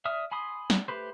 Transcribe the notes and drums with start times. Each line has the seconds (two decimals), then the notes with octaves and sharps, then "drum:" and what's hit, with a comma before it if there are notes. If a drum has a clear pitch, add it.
0.05 D5 E5 D#6 F6
0.31 G#5 B5 C6 D#6
0.70 drum: snare
0.88 A3 G4 B4 C5